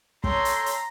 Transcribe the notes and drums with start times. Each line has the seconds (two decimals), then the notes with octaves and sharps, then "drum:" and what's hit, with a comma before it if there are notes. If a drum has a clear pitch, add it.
0.24 A4 C#5 G5 A#5 C6, drum: kick
0.45 drum: hi-hat
0.66 drum: hi-hat